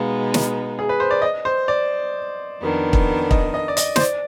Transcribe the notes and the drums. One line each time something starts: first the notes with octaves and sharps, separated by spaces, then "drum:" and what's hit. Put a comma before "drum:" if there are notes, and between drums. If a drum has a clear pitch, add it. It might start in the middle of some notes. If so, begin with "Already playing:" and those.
Already playing: B2 G#3 B3 D#4 F5
drum: snare
G#4
B4
C5
D5
D#5
C5
D5
F2 D#3 B3 D4
drum: kick
D#5, drum: kick
D#5
D5
D#5, drum: hi-hat
C5, drum: snare
D5